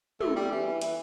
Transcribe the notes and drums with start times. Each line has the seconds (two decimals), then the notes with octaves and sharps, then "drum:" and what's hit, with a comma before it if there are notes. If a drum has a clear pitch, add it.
0.21 A3, drum: tom
0.36 G3
0.51 E3
0.66 E3
0.81 E3, drum: hi-hat